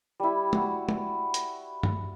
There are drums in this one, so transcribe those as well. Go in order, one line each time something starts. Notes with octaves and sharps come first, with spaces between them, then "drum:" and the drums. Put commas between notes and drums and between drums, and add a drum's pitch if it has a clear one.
G3 E4
F#4, drum: tom
drum: tom
drum: hi-hat
drum: tom G2